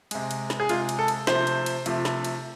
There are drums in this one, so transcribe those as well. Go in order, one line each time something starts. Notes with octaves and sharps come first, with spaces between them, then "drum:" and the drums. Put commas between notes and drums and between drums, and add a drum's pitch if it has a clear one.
C3 G#3, drum: cymbal
drum: cymbal
drum: snare
G#4
C3 G#3 F4, drum: cymbal
drum: cymbal
A4
drum: cymbal
C3 F3 A3 C5, drum: snare
drum: cymbal
drum: cymbal
C3 F3 A3, drum: cymbal
drum: snare
drum: cymbal